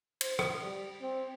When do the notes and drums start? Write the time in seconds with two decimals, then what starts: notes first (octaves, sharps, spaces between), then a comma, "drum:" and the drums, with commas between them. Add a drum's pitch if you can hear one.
0.21 C5, drum: cymbal
0.39 drum: rim click
0.62 G3
1.02 C4